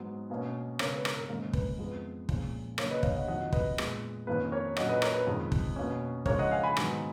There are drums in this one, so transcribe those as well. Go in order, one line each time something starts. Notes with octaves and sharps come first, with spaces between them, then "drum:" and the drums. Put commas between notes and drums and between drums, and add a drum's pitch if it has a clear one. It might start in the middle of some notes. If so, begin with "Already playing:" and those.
Already playing: G#2 F#3 B3
B2 A#3 C#4
C#3 G#3 B3 A#4 C#5, drum: rim click
B4
A#4, drum: rim click
A#4
G#2 D#3 A#3 C#4 A#4
B4, drum: kick
F2 F3 G#3 B3
A#2 F3 G#3 C#4, drum: kick
C#3 F#3 A#3 C#4 A#4 C#5, drum: rim click
B4 D#5
C#5 F5, drum: kick
D#5 F#5
F2 D#3 F#3 D#5 F#5
B4 D#5, drum: kick
A#2 G#3 B3, drum: rim click
F2 D#3 A#3 C#4 B4
A#4 C#5
A#2 F#3 C#4 D#5 F#5, drum: rim click
B4 D#5
A#4 C#5, drum: rim click
B4
F2 D#3 G#3
drum: kick
B2 A#3 C#4
C#3 F3 G#3 A#4 C#5, drum: kick
D#5 F#5
F5 G#5
G#5 B5
G#2 D#3 F#3 B3, drum: rim click